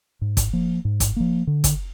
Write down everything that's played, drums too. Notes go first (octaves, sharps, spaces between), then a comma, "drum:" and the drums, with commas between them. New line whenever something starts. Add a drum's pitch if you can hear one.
G#2
drum: kick, hi-hat
F3 A#3
G#2
drum: kick, hi-hat
F3 A#3
D3
drum: kick, hi-hat